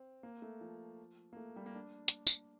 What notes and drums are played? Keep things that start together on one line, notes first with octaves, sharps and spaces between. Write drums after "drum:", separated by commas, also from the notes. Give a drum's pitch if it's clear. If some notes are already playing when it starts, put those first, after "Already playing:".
Already playing: C4
A#3
A3
F3
A#3
A3
G3
A#3
D4
drum: hi-hat
drum: tambourine